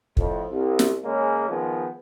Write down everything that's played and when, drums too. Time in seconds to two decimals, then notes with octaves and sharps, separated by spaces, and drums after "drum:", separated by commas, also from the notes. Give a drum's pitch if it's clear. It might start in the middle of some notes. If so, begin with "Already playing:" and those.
0.17 F2 A2, drum: kick
0.51 C2
0.79 drum: snare
1.04 C#3 G#3 A#3 C#4
1.48 D#3 F3 G#3 B3